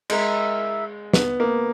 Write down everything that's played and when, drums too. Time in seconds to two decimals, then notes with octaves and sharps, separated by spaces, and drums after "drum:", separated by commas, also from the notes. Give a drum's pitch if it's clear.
0.10 G#3 E4 A#4 E5, drum: cymbal
1.13 B3, drum: snare
1.40 A#3